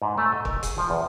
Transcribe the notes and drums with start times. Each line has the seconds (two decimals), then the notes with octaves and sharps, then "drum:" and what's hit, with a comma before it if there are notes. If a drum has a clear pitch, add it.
0.02 G#2
0.18 A3
0.32 D#5
0.45 A#4, drum: kick
0.63 G#4, drum: hi-hat
0.78 F3
0.90 E2